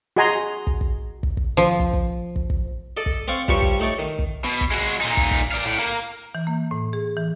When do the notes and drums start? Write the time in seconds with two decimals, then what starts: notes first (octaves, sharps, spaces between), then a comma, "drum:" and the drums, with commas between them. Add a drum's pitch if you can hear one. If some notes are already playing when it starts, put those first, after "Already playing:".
0.17 F#4 G#4 D#5 G#5 A#5 C6
0.67 drum: kick
0.81 drum: kick
1.23 drum: kick
1.37 drum: kick
1.57 F3
1.79 drum: kick
1.93 drum: kick
2.36 drum: kick
2.50 drum: kick
2.97 A4 D5 D#5
3.06 drum: kick
3.28 C4 D5 F5 C#6
3.48 G2 F3 G3 G4 C#5 C#6, drum: kick
3.62 drum: kick
3.80 A3 D#4 C#5 D5
3.99 D#3
4.19 drum: kick
4.44 B2
4.61 drum: kick
4.71 G#3 F#4
5.01 A#2 D#4
5.17 drum: kick
5.31 drum: kick
5.52 D5 F5
5.65 A2
5.79 A#3
6.35 E3
6.47 A#3
6.71 A2
6.93 G#4
7.17 E3